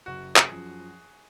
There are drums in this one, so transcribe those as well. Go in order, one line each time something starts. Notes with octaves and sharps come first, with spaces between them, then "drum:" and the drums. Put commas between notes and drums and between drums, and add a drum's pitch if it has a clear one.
F#1 F#4
G#4, drum: clap
F#2 F3